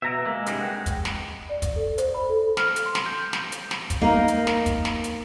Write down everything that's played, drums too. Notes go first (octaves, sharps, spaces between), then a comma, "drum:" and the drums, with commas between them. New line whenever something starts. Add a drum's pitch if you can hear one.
B2 E5 A#5
G#3 A#3
C2 G2 G3, drum: hi-hat
F#5 G5
drum: kick, hi-hat
drum: snare
D5
drum: kick, hi-hat
A4
C5, drum: hi-hat
B5
A4
F6, drum: snare
drum: hi-hat
C6
drum: snare
G6
drum: snare
drum: hi-hat
drum: snare
drum: kick, hi-hat
A#3 D#4 A#4
drum: hi-hat
drum: snare
drum: kick, hi-hat
drum: snare
drum: hi-hat